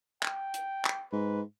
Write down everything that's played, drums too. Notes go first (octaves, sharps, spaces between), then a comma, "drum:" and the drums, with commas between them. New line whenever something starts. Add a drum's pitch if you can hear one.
G5, drum: clap
drum: hi-hat
drum: clap
G#2 B4